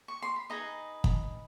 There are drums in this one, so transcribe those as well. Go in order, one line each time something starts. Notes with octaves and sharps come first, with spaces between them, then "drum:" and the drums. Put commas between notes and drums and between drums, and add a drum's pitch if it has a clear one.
C#6
C6
B5
D#4 G#4 B4 D#5 A#5
drum: kick